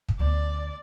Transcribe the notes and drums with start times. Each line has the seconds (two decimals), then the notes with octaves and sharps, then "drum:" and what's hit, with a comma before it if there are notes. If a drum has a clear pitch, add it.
0.09 drum: kick
0.19 D2 B3 D5